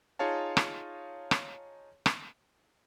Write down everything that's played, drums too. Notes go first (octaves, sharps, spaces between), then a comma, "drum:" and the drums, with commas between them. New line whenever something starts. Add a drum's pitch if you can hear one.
D#4 F4 G#4 C#5 F5 A5
drum: rim click
drum: rim click
drum: rim click